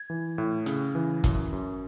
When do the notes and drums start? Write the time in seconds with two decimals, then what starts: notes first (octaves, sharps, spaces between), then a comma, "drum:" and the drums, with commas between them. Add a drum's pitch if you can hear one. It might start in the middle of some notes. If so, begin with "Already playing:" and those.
Already playing: G#6
0.10 E3
0.38 A2
0.66 C#3, drum: hi-hat
0.95 E3
1.24 F#2, drum: kick, hi-hat
1.53 F#2